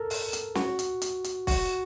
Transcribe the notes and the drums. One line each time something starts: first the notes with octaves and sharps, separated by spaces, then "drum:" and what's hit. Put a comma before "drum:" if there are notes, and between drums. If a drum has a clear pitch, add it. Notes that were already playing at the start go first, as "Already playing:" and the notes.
Already playing: A4 A#4
drum: open hi-hat
drum: hi-hat
F#4, drum: snare
drum: hi-hat
drum: hi-hat
drum: hi-hat
F#4, drum: kick, open hi-hat